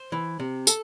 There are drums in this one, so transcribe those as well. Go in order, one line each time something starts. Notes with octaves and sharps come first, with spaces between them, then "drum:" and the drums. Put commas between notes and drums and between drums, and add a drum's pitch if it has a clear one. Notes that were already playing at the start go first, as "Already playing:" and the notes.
Already playing: C5
E3
C3
A4, drum: tambourine